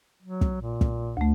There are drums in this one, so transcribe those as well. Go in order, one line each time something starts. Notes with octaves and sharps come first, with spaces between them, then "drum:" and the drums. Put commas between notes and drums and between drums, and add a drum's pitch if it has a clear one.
F#3
drum: kick
A#2
drum: kick
D2 A3